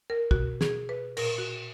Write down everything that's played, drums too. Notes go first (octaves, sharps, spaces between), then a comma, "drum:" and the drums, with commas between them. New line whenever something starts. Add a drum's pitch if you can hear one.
A#4
B2 F#4, drum: kick
G#4, drum: snare
B4
A#2 A#4, drum: cymbal
F#4